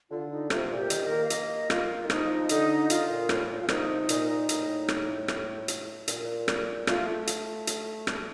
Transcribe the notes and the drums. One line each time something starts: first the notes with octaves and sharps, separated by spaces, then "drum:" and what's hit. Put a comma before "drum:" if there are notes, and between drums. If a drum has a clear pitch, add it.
D3 F4
D#4
C3 F4, drum: rim click
A#2
G4
D#3, drum: hi-hat
A#4
A#3
F5
D#5, drum: hi-hat
F4, drum: rim click
D#3
F3 D#4, drum: rim click
D3 D#4, drum: hi-hat
F4, drum: hi-hat
A#2
A2, drum: rim click
A#2
F4
C3 D#4, drum: rim click
A#2, drum: hi-hat
A2, drum: hi-hat
drum: rim click
drum: rim click
drum: hi-hat
A#2, drum: hi-hat
drum: rim click
A3 F4, drum: rim click
drum: hi-hat
drum: hi-hat
drum: rim click